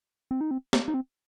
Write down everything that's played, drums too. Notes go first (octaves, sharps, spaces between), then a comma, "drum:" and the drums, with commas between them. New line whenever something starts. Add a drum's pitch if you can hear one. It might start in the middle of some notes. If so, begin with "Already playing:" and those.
C4
D#4
C4
A#3, drum: snare
D#4
C4